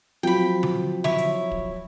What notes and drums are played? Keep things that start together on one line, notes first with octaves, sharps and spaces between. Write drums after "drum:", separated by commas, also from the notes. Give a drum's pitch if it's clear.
F3 F#3 C4 G5 B5
drum: tom D3
E4 C#5, drum: tom D3
drum: hi-hat
drum: kick